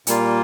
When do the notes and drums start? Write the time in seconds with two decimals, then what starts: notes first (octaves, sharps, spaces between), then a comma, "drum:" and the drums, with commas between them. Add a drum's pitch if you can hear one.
0.07 A#2 G3 A#3 F4, drum: hi-hat